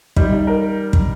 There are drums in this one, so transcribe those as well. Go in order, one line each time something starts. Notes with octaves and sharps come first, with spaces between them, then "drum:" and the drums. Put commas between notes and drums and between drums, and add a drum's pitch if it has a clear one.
G3 D#4, drum: kick
D#4
A#4
drum: kick